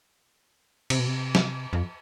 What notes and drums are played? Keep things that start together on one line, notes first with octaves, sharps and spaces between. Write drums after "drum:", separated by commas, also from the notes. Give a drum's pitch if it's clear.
C3, drum: cymbal
B2
C3
drum: snare
F2